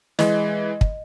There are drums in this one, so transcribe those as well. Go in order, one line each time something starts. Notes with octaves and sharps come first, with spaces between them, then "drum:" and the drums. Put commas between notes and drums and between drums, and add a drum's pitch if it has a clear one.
E3 G#3 D#5, drum: snare
drum: kick